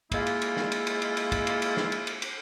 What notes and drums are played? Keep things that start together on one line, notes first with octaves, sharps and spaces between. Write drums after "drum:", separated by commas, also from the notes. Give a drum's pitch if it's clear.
G#3 A#3 E4 F4, drum: kick, cymbal
drum: cymbal
drum: cymbal
drum: snare
drum: cymbal
drum: cymbal
drum: cymbal
drum: cymbal
drum: kick, cymbal
drum: cymbal
drum: cymbal
drum: snare
drum: cymbal
drum: cymbal
drum: cymbal